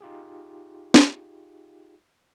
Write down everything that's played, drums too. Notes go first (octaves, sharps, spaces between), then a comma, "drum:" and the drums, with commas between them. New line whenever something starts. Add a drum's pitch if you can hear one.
D#4 F4 G4 G#4
drum: snare